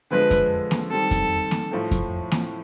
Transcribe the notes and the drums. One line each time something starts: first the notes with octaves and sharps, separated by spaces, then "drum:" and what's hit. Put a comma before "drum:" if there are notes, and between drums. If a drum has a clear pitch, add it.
D3 F3 G#3 B4
drum: kick F2, hi-hat
drum: snare A#3
D#3 G3 C4 A4
drum: kick F2, hi-hat
drum: snare A#3
A2 F3 A3
drum: kick F2, hi-hat
drum: snare A#3